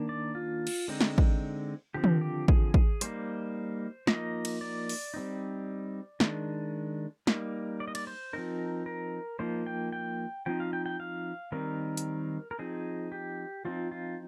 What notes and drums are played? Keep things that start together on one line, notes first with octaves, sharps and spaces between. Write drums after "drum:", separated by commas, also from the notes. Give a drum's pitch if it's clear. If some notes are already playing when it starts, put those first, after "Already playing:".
Already playing: D#3 A#3 D4
D5
F4
drum: cymbal
D3 G#3 C4 D#4
drum: snare
drum: kick
D3 F3 C4 G4
drum: tom D#3
G4
G#4, drum: kick
G#4, drum: kick
G3 A#3 D#4 C5, drum: hi-hat
F3 A#3 D#4 D#5, drum: snare
drum: cymbal
D5
drum: open hi-hat
G3 C4 D#4
D#3 G#3 D4, drum: snare
G3 A#3 D#4, drum: snare
D5
D#5
D5, drum: cymbal
C5
F3 C4 D#4 A#4
A#4
F3 A#3 D#4 C5
G5
G5
F3 C4 D#4 G5
F5
G5
G5
F5
D#3 G3 C4 D#4 A#4
drum: hi-hat
A#4
F3 C4 D#4 G#4
G4
F3 C4 D#4 F4
F4